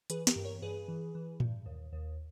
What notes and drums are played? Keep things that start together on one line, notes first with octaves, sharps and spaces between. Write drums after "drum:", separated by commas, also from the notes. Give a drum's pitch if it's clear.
E3 G#4 B4, drum: hi-hat
G4 A#4, drum: snare
G2
A#4 C#5
G2 G#4 B4
E3
E3
G2, drum: tom A2
D#2
D#2